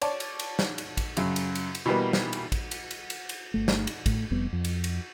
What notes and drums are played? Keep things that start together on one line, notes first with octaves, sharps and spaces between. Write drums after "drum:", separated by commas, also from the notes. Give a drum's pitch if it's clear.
C#5 D5 A5, drum: cymbal
drum: cymbal
drum: cymbal
drum: snare
drum: cymbal
drum: kick, cymbal
F#2 C#3, drum: cymbal
drum: cymbal
drum: cymbal
drum: cymbal
B2 E3 G3 A#3 B3
drum: snare
drum: cymbal
drum: kick, cymbal
drum: cymbal
drum: cymbal
drum: cymbal
drum: cymbal
G1 A3
drum: snare
drum: cymbal
A2, drum: kick, cymbal
F1 F2 G3 B3
F2
drum: cymbal
drum: cymbal